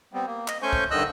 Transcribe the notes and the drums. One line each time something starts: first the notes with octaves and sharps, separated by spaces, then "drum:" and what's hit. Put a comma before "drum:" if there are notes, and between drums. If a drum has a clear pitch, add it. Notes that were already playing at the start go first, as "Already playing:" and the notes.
G3 B3 C4
A#3
D#5, drum: clap
A3 C#4 C5 G#5 C#6 G6
drum: kick
G2 D3 D#3 D#5 E6 F#6